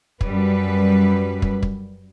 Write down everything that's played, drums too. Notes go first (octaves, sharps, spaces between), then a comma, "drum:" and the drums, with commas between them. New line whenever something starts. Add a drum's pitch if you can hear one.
F#2 G3 B4, drum: kick
drum: kick
drum: kick